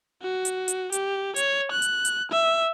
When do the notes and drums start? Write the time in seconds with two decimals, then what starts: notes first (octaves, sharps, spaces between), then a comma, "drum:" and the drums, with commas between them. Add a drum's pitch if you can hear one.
0.22 F#4
0.45 drum: hi-hat
0.68 drum: hi-hat
0.92 G4, drum: hi-hat
1.36 C#5, drum: hi-hat
1.72 F#6
1.82 drum: hi-hat
2.05 drum: hi-hat
2.32 E5